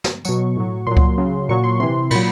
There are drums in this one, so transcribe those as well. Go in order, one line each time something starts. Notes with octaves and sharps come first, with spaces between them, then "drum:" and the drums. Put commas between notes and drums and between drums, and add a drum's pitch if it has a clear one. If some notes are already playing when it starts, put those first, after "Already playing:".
drum: snare
B2 F#3 C#6, drum: tambourine
A2 F#3
A#2 F#3 C6
drum: kick C#2
C#3 F#3
A#2 F#3 C#6
C6
C3 E3 C6
A#2 F#3 B5, drum: cymbal